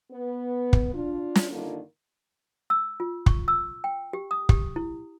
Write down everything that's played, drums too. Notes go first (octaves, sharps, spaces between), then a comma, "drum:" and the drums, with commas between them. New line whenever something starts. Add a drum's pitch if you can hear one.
B3 B4
drum: kick
D4 F4
drum: snare
G2 D3 D#3 A#3 D4 F4
E6
F4
C#6, drum: kick
E6
G5
G4
D#6
G4, drum: kick
E4